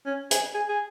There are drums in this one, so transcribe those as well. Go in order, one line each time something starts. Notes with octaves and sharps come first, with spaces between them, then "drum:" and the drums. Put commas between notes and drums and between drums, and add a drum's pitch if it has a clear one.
C#4
G#4, drum: hi-hat
G#4
G#4